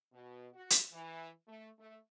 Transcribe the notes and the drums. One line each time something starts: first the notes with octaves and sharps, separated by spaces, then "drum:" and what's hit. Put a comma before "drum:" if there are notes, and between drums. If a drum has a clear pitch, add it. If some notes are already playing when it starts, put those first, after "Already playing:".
B2
F#4
drum: hi-hat
E3
A3
A3